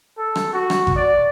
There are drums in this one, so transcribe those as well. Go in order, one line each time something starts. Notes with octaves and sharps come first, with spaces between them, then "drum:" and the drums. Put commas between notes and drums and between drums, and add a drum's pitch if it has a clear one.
A4
drum: rim click
F#4
drum: rim click
drum: kick G#1
D5